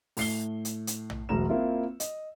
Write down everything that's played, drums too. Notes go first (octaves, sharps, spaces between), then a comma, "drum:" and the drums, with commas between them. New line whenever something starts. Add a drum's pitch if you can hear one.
A2 C7 G7, drum: open hi-hat
drum: hi-hat
drum: hi-hat
drum: tom A#1
E1 D2 F#3 A#5 E7
A#3 C4 E4 F4
D#5, drum: hi-hat